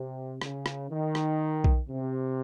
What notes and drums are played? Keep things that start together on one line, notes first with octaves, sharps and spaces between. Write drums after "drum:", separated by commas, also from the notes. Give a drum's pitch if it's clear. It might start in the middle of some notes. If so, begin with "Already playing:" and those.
Already playing: C3
C#3, drum: rim click
drum: rim click
D#3
drum: rim click
drum: kick B1
C3